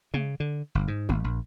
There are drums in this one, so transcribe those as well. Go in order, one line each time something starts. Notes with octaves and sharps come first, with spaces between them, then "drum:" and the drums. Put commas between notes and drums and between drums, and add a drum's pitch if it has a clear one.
C#3, drum: tom
D3
G1
G#2
G#1, drum: tom
A#1